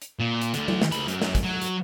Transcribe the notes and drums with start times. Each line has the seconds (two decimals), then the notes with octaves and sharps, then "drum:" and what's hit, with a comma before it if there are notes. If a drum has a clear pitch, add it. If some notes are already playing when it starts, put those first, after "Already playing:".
0.02 drum: hi-hat
0.20 A#2
0.42 drum: hi-hat
0.54 D2 D3, drum: hi-hat
0.68 drum: tom F#3
0.82 drum: snare
0.92 C#2 B5, drum: hi-hat
1.08 F#2, drum: hi-hat
1.22 drum: snare
1.35 drum: kick, hi-hat
1.44 F#3
1.62 drum: hi-hat